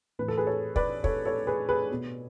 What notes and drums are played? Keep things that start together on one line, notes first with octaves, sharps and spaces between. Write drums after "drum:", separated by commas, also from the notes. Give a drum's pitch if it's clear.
A2 E3 B4
A4
G#4 B4
A4 C#5
B4 D5, drum: kick
A4 C#5, drum: kick
A4 C#5
G#4 B4
G#4 B4
B2